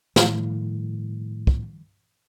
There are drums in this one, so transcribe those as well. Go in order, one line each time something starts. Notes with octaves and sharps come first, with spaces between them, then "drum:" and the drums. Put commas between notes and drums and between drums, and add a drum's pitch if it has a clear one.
A2 D#3 F3 G3, drum: snare
drum: kick